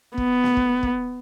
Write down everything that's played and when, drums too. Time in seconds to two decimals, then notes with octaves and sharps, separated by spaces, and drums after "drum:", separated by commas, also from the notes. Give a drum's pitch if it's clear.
0.18 B3, drum: kick
0.44 drum: snare
0.57 drum: kick
0.83 drum: kick